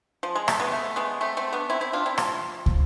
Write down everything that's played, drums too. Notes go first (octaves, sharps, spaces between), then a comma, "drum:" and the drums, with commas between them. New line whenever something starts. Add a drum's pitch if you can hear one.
F3
G#3
A3, drum: rim click
G#3 B3
A3
G#3 B3
A3 C4
A3 C4
B3 D4
C4 E4
C4 E4
D4 F4
C4 E4
F3, drum: rim click
drum: kick